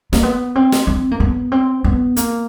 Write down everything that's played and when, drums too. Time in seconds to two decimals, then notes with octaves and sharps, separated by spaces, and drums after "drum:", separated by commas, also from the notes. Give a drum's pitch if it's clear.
0.13 A#3, drum: snare
0.23 B3
0.56 C4
0.72 drum: snare
0.87 C4
1.11 A#3
1.20 B3
1.52 C4
1.84 B3
2.16 A#3, drum: hi-hat